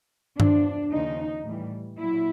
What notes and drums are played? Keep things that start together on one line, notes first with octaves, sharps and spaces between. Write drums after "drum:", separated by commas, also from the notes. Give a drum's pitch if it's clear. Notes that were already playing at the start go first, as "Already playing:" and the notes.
E2 C3 F3 D4, drum: tom G2
D#2 C#3 F3 D#4
A2 E3 G3
A#2 F#3 E4